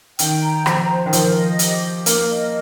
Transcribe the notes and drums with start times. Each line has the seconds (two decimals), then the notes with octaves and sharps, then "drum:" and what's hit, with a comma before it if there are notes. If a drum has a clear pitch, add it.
0.19 D#3 G5, drum: hi-hat
0.42 A#5
0.66 F3 C5, drum: rim click
0.89 C5
1.06 D#3
1.13 F3 A#4, drum: hi-hat
1.36 D#5
1.59 G4, drum: hi-hat
1.83 G4
2.06 A#3 A#4, drum: hi-hat
2.30 D#5